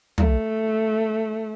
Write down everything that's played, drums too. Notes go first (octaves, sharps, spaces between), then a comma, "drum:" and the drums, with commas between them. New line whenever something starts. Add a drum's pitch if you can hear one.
A3, drum: tom